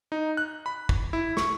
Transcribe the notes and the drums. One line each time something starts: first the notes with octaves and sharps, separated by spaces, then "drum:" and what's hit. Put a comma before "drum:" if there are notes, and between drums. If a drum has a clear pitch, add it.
D#4
F#6
B5
drum: kick
E4
C#6, drum: snare